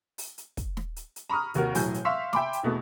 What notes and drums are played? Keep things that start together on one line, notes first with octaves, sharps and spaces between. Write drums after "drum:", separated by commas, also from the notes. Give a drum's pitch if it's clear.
drum: open hi-hat
drum: hi-hat
drum: kick, hi-hat
drum: snare
drum: hi-hat
drum: hi-hat
A#5 B5 C#6 D#6 F6
F1 D#2 F#4 A#4, drum: hi-hat
E1 A2 F#3 G#5 G6, drum: open hi-hat
drum: hi-hat
E5 F5 C6 C#6 E6 B6
E5 G5 G#5 B5 C6 D6, drum: snare
drum: hi-hat
E2 B2 A3 B3